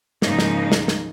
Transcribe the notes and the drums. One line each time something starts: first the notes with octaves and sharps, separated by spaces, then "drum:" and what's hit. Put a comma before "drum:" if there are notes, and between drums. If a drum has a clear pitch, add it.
G#2 C#3 F3 A#3 D#4, drum: snare
drum: snare
drum: snare
drum: snare